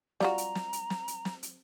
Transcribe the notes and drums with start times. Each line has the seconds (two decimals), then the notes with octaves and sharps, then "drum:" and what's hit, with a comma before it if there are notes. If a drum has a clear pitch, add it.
0.20 G3 F4 F#4 A#5, drum: snare
0.38 drum: hi-hat
0.55 drum: snare
0.73 drum: hi-hat
0.90 drum: snare
1.08 drum: hi-hat
1.25 drum: snare
1.43 drum: hi-hat